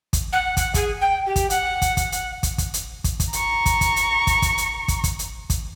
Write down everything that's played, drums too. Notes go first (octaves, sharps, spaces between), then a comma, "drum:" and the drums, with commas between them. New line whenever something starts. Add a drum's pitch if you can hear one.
drum: kick, hi-hat
F#5
F#5, drum: kick, hi-hat
G#4, drum: kick, hi-hat
G5
G4
drum: kick, hi-hat
F#5, drum: hi-hat
drum: kick, hi-hat
drum: kick, hi-hat
drum: hi-hat
drum: kick, hi-hat
drum: kick, hi-hat
drum: hi-hat
drum: kick, hi-hat
drum: kick, hi-hat
A#5 C#6, drum: hi-hat
drum: kick, hi-hat
drum: kick, hi-hat
drum: hi-hat
drum: kick, hi-hat
drum: kick, hi-hat
drum: hi-hat
drum: kick, hi-hat
drum: kick, hi-hat
drum: hi-hat
drum: kick, hi-hat